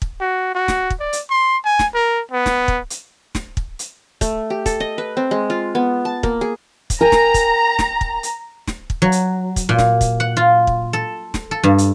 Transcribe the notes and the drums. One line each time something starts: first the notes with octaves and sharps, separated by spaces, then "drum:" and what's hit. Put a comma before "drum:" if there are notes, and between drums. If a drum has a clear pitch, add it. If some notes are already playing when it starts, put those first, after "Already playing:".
drum: kick
F#4
F#4
drum: snare
drum: kick
D5
drum: hi-hat
C6
G#5
drum: snare
A#4
B3
drum: snare
drum: kick
drum: hi-hat
drum: snare
drum: kick
drum: hi-hat
A3, drum: kick, hi-hat
G4
A4, drum: kick, hi-hat
D#5
B4
C4
G#3
F4
B3
A5
A#3, drum: kick
G#4
drum: kick, hi-hat
A#4 G5 G#5 A#5
drum: snare
drum: kick, hi-hat
drum: snare
drum: kick
drum: hi-hat
drum: snare
drum: kick
F#3
drum: hi-hat
drum: kick, hi-hat
A#2
drum: snare
drum: kick, hi-hat
F#5
F4
drum: kick
A4
drum: snare
A4
G2
drum: hi-hat